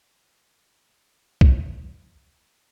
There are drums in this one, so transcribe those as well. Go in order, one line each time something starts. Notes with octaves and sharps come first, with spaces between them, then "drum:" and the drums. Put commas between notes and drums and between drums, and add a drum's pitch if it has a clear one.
A5 A#5 F6 F#6 A#6
drum: kick